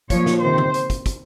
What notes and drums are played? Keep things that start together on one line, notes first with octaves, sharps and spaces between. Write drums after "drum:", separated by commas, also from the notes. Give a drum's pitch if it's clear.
A#2 F3 C#5, drum: kick, hi-hat
drum: snare
C3 D#3 C5
drum: tom D3
drum: hi-hat
drum: kick, hi-hat
drum: kick, hi-hat